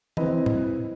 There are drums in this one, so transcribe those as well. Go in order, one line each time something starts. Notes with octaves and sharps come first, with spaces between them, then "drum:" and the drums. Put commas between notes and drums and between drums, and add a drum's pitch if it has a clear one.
C4 E4 B4 D#5, drum: tom
drum: tom A2